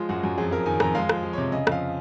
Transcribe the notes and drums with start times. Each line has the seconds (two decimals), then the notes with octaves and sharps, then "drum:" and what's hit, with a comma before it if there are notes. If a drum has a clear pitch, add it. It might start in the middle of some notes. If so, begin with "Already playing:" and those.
Already playing: F3 G#3 F4
0.09 F#2 F#4
0.23 F#2
0.38 F2 G#4
0.51 F2 A#4
0.66 D#3 G#5
0.80 F2 A#5, drum: rim click
0.95 G#3 F5
1.09 F3, drum: rim click
1.24 F3
1.33 C3 C#5
1.52 C#3 D#5
1.67 F2 F5, drum: rim click